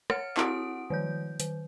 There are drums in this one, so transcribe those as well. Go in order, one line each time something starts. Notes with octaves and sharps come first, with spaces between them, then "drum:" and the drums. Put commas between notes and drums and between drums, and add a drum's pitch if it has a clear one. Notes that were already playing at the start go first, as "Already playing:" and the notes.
C#5 F#5 F6 C#7, drum: rim click
C4 E4 F#4 F#5 D#6 D7, drum: clap
D#3 F3 G6
D#3, drum: hi-hat